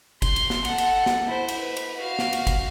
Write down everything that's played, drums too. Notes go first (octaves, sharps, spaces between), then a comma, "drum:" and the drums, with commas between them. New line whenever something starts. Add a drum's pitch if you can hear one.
C6, drum: kick G1, cymbal
drum: cymbal
drum: snare
A4 F#5, drum: cymbal
drum: cymbal
drum: snare
E4 C5
drum: cymbal
B4
drum: cymbal
F#4 F5
drum: snare
drum: cymbal
drum: kick G1, cymbal